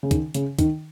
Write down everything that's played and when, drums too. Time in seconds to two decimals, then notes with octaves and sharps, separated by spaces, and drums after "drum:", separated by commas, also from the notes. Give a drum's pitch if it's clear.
0.03 C#3
0.11 D#3, drum: kick, hi-hat
0.34 C#3, drum: hi-hat
0.59 D#3, drum: kick, hi-hat